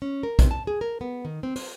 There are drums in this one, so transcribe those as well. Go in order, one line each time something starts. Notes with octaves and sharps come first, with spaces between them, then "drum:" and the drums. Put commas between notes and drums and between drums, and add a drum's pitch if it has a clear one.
C#4
A#4
C3, drum: kick, hi-hat
A5
G#4
A#4
B3
D#3
C4
C5, drum: open hi-hat